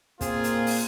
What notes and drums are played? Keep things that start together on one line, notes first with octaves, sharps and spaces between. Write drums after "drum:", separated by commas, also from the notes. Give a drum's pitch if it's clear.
A#2 A#3 C4 F4 G#4, drum: kick, hi-hat
drum: hi-hat
drum: open hi-hat